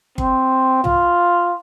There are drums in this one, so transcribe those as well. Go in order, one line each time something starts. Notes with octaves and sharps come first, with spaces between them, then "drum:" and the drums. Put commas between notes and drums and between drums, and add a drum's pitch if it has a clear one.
C4, drum: kick G1
F4, drum: tom